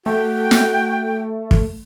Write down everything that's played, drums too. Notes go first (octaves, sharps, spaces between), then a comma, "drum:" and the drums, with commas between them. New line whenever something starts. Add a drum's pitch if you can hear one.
A3 F#4 G5
drum: snare
drum: kick